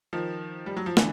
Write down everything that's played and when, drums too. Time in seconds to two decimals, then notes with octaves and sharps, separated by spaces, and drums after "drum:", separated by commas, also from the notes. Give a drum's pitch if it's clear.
0.13 D#3 F3
0.66 G3
0.77 F#3
0.86 F3
0.97 D3 E3, drum: snare